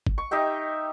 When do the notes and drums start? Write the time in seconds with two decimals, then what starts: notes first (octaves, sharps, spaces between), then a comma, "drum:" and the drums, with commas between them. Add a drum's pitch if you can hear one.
0.07 drum: kick
0.18 C#6
0.31 D#4 G4 E5 G5